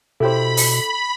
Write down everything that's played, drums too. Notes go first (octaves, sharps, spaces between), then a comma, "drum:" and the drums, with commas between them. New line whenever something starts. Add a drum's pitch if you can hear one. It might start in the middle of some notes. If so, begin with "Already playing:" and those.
B2 E4 G4 A4 C5 B5
drum: open hi-hat